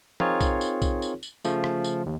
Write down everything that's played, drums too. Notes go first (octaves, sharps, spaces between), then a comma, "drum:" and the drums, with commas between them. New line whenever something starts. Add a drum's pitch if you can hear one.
C4 D#4 F4 G#4 A#4 C#5, drum: tom F3
drum: kick B1, tambourine
drum: tambourine
drum: kick B1, tambourine
drum: tambourine
drum: tambourine
C#3 F3 A3, drum: tambourine
drum: rim click
drum: tambourine
D#2